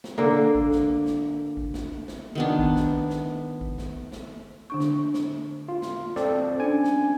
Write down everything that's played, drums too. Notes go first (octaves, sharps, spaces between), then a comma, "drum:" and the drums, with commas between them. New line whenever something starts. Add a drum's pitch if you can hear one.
drum: snare
D3 A#3
drum: kick G#1
drum: snare
drum: snare
drum: kick G#1
drum: snare
drum: snare
D#3 B3 D4
drum: kick G#1
drum: snare
drum: snare
drum: kick G#1
drum: snare
drum: snare
D3 D4 C#6
drum: snare
drum: snare
F4
drum: snare
C4 A4 D5, drum: snare
C#4 D4 G#5
drum: snare